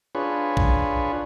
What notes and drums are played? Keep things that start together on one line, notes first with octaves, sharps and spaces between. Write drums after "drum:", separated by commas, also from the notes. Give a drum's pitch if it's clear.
D4 F4 G#4 B4 C#5
drum: kick